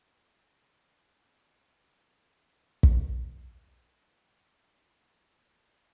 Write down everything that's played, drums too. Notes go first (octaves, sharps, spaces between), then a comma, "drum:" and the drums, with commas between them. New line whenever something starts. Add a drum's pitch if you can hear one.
E5 C#6 D#6
G#4 C5 D#5 E5 G#5 C#6
F4 A4 F#5 B5 E6 F6
F2 A#4 C#5 A#5
F3 G3 G#5 F6 F#6
drum: kick
A#2
D2
G#3
D2